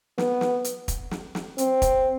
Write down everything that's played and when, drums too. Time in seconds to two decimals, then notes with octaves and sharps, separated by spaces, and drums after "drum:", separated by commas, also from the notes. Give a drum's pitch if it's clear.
0.18 B3, drum: snare
0.41 drum: snare
0.64 drum: hi-hat
0.88 drum: kick, hi-hat
1.11 drum: snare
1.35 drum: snare
1.58 C4, drum: hi-hat
1.82 drum: kick, hi-hat